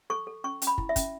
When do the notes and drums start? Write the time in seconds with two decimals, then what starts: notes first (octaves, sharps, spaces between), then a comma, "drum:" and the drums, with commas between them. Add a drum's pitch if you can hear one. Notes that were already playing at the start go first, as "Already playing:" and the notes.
0.10 A4 C#6
0.27 A4
0.44 C#4 C#6
0.62 C#4, drum: hi-hat
0.67 B5
0.78 E4, drum: kick
0.89 E5
0.96 C#4, drum: kick, hi-hat